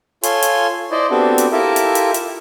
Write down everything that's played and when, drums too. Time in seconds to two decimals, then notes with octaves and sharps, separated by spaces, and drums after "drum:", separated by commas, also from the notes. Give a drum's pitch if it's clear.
0.23 F4 A4 C#5 G#5 C6, drum: hi-hat
0.42 drum: hi-hat
0.91 E4 C5 D5 D#5
1.11 B3 C4 D4 F#4 G4 A4
1.38 drum: hi-hat
1.52 E4 F4 G4 A4 A#4 E5
1.76 drum: hi-hat
1.95 drum: hi-hat
2.14 drum: hi-hat